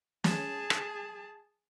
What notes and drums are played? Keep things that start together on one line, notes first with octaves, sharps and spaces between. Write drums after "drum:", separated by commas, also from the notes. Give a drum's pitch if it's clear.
G#4 A5, drum: snare
drum: rim click